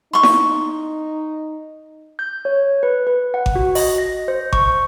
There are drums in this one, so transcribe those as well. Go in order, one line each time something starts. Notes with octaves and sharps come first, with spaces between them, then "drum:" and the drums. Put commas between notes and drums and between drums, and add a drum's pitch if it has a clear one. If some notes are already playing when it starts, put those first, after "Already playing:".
D#4 C6 C#6
drum: snare E4
G6
C#5
B4
B4
F#5
drum: kick G#1
F#4
D#5, drum: open hi-hat
A#6
C5
C#6, drum: kick G#1